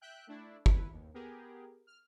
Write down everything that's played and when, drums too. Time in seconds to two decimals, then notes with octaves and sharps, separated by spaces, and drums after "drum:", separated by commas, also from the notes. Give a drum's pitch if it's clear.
0.01 E5 G5 F#6 G6
0.27 A3 D4 E4
0.66 E4 B4, drum: kick
0.93 D#2
1.14 B3 G4 G#4 A#4
1.87 F6